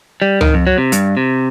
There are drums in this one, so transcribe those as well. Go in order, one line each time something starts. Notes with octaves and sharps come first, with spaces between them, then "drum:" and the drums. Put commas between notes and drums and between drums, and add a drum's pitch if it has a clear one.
G3
D#3, drum: tom C#2
F2
F#3
C3
G2, drum: hi-hat
C3